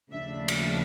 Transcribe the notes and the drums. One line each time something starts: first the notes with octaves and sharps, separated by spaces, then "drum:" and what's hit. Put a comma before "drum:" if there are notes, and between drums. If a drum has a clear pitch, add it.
D#2 C#3 F3 A3 D4 E5
drum: cymbal